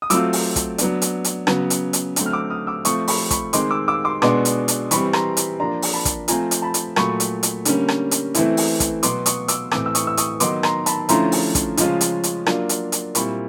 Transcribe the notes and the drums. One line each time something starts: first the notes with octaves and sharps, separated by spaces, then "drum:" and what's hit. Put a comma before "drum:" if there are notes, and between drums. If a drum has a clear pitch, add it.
D#6
F#3 A3 C4 F4 D6 E6, drum: hi-hat
drum: open hi-hat
drum: kick, hi-hat
F#3 B3 D4, drum: hi-hat
drum: hi-hat
drum: hi-hat
C#3 F#3 B3, drum: rim click
drum: hi-hat
drum: hi-hat
D3 F#3 A3 C4, drum: hi-hat
F6
D6 E6
D#6 F6
D6 E6
F3 A3 C4 C#6 D#6, drum: hi-hat
B5 C#6, drum: open hi-hat
B5 C#6, drum: kick, hi-hat
D#3 G#3 C4 C6 D6, drum: hi-hat
D6 E6
D6 E6
C6 D6
B2 G#3 B3 D4 C6 D6, drum: rim click
drum: hi-hat
drum: hi-hat
E3 G3 C4 B5 C#6, drum: hi-hat
A#5 C6, drum: rim click
drum: hi-hat
F3 A#3 D4 A#5 C6
drum: open hi-hat
A5 B5
drum: kick, hi-hat
F3 A3 C4 F4 G#5 A#5, drum: hi-hat
drum: hi-hat
A5 B5
drum: hi-hat
A#2 F#3 A3 B5 C#6, drum: rim click
drum: hi-hat
drum: hi-hat
D3 G3 A#3 C#4, drum: hi-hat
drum: rim click
drum: hi-hat
E3 A3 C4 E4, drum: hi-hat
drum: open hi-hat
drum: kick, hi-hat
B2 F#3 B3 C6 D6, drum: hi-hat
C#6 D#6, drum: hi-hat
D6 E6, drum: hi-hat
A2 E3 A3 C4 D6 E6, drum: rim click
E6
C#6 D#6, drum: hi-hat
E6
C#6 D#6, drum: hi-hat
D#3 F#3 B3 D#4 C6 D6, drum: hi-hat
A#5 C6, drum: rim click
A5 B5, drum: hi-hat
D3 F3 A3 C#4 E4 A#5 C6, drum: hi-hat
drum: open hi-hat
drum: kick, hi-hat
C#3 F3 G#3 C#4 F4, drum: hi-hat
drum: hi-hat
drum: hi-hat
F#3 A#3 D4 F4, drum: rim click
drum: hi-hat
drum: hi-hat
A#2 G3 C4 E4 B5 C#6, drum: hi-hat